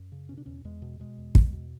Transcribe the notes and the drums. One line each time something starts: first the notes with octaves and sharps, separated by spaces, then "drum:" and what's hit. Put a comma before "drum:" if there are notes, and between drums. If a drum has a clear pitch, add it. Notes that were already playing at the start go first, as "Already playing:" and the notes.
Already playing: F#2
C#3
B2 C#4
D4
E2 C#4
E2 G#3
B2
B2 G#3
E2
E2, drum: kick
B2